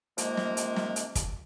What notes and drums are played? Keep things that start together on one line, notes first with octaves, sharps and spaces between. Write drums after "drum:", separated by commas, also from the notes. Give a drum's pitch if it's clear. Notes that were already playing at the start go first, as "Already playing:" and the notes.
C3 D#3 F3 G#3 A#3, drum: hi-hat
drum: snare
drum: hi-hat
drum: snare
drum: hi-hat
drum: kick, hi-hat